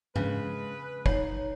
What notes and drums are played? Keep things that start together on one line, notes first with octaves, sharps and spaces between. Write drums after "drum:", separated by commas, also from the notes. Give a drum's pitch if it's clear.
C#3 G#3 B4, drum: tom G#2
D#4 C#5, drum: kick